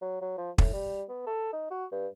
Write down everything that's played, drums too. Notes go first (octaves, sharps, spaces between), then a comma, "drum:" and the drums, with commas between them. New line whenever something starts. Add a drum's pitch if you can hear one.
F#3
F#3
F3
A2, drum: kick
G3
B3
A4
D#4
F#4
G2